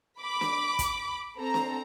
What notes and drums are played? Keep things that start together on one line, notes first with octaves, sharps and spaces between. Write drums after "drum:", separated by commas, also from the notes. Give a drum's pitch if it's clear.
B5 D6
drum: snare
drum: kick, hi-hat
C4 A4 A#5
drum: snare